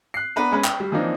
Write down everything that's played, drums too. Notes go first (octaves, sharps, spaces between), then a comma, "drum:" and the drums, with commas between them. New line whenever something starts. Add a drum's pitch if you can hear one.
F#6 C7
B3 D4 B4 A#5
G#3 C#4 B4
G5, drum: clap
G3
E3 F3 A#3 C4 D4 D#4